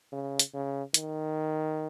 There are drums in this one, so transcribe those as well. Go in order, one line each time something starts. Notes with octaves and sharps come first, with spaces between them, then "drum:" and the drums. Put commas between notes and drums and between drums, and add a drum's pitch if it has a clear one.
C#3
drum: hi-hat
C#3
D#3, drum: hi-hat